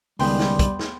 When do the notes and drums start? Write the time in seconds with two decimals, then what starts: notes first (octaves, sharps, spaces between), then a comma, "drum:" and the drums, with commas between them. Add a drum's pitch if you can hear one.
0.19 C#2 D#3 G3 B3 G#4 G5 C6, drum: open hi-hat
0.39 drum: snare
0.59 drum: kick, hi-hat
0.79 drum: snare